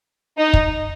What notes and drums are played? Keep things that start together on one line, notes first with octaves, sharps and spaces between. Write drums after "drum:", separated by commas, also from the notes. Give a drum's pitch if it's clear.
D#4
drum: kick